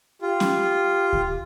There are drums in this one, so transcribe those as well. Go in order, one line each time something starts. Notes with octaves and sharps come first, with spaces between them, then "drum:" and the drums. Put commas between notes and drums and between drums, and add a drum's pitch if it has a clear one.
F4 G4
drum: snare C#4
drum: kick C#2